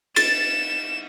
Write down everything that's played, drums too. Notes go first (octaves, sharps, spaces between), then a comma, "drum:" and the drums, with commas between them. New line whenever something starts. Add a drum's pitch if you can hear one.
A6 E7, drum: cymbal